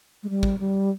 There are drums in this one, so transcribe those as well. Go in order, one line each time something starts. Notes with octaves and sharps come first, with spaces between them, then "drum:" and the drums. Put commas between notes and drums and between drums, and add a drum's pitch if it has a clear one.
G#3
G3
drum: kick
G3